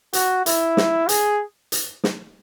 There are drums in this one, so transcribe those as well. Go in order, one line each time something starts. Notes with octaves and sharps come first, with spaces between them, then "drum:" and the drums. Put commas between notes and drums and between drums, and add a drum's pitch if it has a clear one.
F#4, drum: hi-hat
E4, drum: hi-hat
drum: snare
G#4, drum: hi-hat
drum: hi-hat
drum: snare